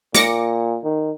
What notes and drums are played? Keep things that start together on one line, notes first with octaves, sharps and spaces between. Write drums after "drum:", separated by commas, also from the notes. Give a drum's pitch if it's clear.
A#2 D6 A#6 C#7, drum: snare
D#3